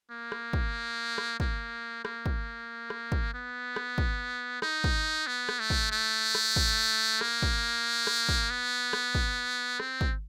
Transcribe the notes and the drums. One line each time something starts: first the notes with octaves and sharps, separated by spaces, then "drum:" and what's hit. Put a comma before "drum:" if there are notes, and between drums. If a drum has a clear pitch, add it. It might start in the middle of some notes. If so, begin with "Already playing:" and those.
A#3
drum: rim click
drum: kick
drum: rim click
A#3, drum: kick
A#3, drum: rim click
drum: kick
drum: rim click
drum: kick
B3
drum: rim click
drum: kick
D#4, drum: rim click
drum: kick
B3
drum: rim click
A3
drum: kick
A3
drum: rim click
drum: kick
A#3, drum: rim click
drum: kick
drum: rim click
drum: kick
B3
drum: rim click
drum: kick
C4, drum: rim click
drum: kick